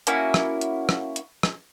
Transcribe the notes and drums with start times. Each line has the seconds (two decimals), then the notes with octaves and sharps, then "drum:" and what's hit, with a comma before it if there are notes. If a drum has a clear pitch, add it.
0.07 A#3 C#4 E4 F#4, drum: hi-hat
0.34 drum: rim click
0.61 drum: hi-hat
0.89 drum: rim click
1.16 drum: hi-hat
1.43 drum: rim click